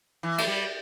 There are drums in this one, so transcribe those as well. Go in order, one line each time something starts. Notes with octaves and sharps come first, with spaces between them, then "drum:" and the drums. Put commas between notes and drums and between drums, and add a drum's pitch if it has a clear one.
E3
A3, drum: cymbal
G3